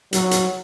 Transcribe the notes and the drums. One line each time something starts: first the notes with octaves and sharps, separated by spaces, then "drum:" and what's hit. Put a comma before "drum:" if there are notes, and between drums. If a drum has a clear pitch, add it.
F#3, drum: hi-hat
drum: hi-hat